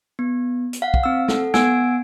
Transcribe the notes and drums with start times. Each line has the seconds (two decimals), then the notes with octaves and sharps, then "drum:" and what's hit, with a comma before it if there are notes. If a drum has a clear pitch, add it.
0.19 B3
0.73 drum: hi-hat
0.82 F5 F#5
0.94 drum: kick
1.04 C4 E6
1.28 A4 F#5, drum: snare
1.54 B3 F#5 G#5 E6 G#6 D7, drum: snare